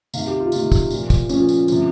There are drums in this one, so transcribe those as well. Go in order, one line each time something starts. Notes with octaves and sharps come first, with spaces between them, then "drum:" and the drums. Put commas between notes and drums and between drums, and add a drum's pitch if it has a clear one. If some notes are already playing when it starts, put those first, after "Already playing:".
C3 D#3 F5, drum: tambourine
G4
F4
C3 D#3 F4, drum: tambourine
drum: kick, tambourine
A#2 F3, drum: tambourine
drum: kick, tambourine
A#2 F3 C#4, drum: tambourine
drum: tambourine
C3 F3, drum: tambourine